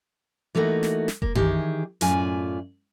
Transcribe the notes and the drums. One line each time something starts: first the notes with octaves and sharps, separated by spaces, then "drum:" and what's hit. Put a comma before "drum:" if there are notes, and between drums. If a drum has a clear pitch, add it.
E3 A3 A#3 D#4 F#4
drum: snare
drum: snare
A#3, drum: kick F1
D#3 E3 G4 G#4, drum: tom F#2
F#2 A2 F4 D5 G#5, drum: hi-hat